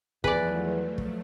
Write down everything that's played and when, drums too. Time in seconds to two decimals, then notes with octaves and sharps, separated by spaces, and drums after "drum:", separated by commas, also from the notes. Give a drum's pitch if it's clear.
0.24 E2 F3 F#3 A3 G#4 B4 D5, drum: kick
0.98 drum: kick